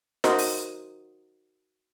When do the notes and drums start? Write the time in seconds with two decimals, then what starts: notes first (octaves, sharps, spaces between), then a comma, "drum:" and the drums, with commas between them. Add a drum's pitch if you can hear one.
0.24 D#4 F#4 A#4 C5 D#5, drum: snare
0.39 drum: open hi-hat